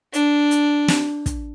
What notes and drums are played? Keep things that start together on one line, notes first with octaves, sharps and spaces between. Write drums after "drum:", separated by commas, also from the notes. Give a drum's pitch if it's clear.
D4, drum: hi-hat
drum: hi-hat
drum: snare
drum: kick, hi-hat